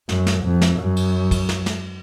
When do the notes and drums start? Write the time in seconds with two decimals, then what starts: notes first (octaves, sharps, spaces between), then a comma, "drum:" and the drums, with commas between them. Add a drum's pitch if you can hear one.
0.09 F#2, drum: snare
0.27 drum: snare
0.44 F2
0.61 drum: snare
0.79 F#2
0.96 drum: cymbal
1.31 drum: kick, cymbal
1.49 drum: snare
1.66 drum: snare